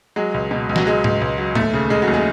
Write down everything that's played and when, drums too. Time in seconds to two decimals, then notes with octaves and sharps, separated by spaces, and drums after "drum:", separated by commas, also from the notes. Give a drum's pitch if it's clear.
0.16 F#3 G#3
0.34 C#2
0.51 B2
0.69 C#2
0.76 F#3, drum: snare
0.86 F#3 G#3
1.04 C#2, drum: tom G#2
1.21 C#2
1.38 F#3
1.55 D#2 A3, drum: tom
1.74 C#3
1.90 C#3 G#3
2.02 F#3
2.07 D#2
2.14 G#3